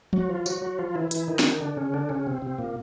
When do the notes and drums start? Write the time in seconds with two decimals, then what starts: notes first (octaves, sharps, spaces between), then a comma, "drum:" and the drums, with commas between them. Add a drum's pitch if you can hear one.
0.13 F#3 F#4, drum: tom F3
0.29 F3 F4
0.46 F#3 F#4, drum: tambourine
0.62 F#3 F#4
0.78 F3 F4
0.95 E3 E4
1.11 E3 E4, drum: hi-hat
1.28 D#3 D#4
1.39 D4, drum: snare
1.44 D#3 D#4
1.60 D3 D4
1.77 C#3 C#4
1.94 D3 D4
2.09 C#3 C#4
2.27 C3 C4
2.42 C3 C4
2.58 A#2 A#3